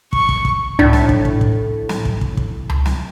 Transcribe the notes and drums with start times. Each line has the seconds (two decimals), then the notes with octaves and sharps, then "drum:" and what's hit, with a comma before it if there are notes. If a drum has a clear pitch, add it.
0.13 C#6, drum: kick
0.29 drum: kick
0.45 drum: kick
0.79 A2 D4, drum: tom C#2
0.93 drum: snare
1.09 drum: kick
1.25 drum: kick
1.41 drum: kick
1.89 drum: snare
2.05 drum: kick
2.21 drum: kick
2.37 drum: kick
2.69 drum: tom C#2
2.86 drum: snare